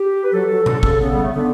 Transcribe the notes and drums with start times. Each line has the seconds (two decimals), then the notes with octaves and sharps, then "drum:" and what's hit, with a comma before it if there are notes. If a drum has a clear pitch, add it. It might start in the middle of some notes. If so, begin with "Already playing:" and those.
Already playing: G4
0.24 B4
0.32 F#3 A4
0.50 F#3
0.66 D3 A4, drum: tom B2
0.83 C#3, drum: kick
1.00 C#3 B3
1.12 G3
1.23 A3
1.34 D3 B3